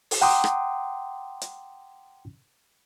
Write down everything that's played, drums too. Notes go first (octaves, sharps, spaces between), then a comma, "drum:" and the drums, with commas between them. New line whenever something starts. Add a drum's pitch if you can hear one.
drum: open hi-hat
F#5 G5 A#5 C6 D6 D#6
drum: rim click
drum: hi-hat